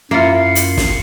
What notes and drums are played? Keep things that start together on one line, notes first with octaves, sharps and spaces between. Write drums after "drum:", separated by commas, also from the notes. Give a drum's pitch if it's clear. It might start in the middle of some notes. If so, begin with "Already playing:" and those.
F#2 A#3 E4 F4 C7 C#7
drum: hi-hat
drum: snare